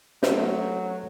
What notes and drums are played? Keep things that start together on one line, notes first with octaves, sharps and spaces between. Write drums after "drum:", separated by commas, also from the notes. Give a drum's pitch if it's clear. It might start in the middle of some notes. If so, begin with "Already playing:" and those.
F#3 A3, drum: snare